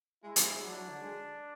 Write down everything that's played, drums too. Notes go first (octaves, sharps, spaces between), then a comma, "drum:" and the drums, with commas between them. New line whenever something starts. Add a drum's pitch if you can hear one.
G#3 E4
G#3, drum: hi-hat
G#3
F#3 D4
F#3
D3
G#3